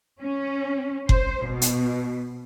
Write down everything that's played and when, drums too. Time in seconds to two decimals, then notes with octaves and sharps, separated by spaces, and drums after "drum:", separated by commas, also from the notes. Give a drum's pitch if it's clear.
0.22 C#4
1.09 C5, drum: kick F#1
1.46 B2
1.62 drum: hi-hat